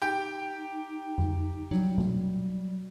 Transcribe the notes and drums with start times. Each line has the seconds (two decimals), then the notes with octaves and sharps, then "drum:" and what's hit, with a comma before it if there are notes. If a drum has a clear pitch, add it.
0.02 D#4 G4 G5
1.18 drum: tom F2
1.71 F#3 G3, drum: tom F3
1.98 drum: tom B2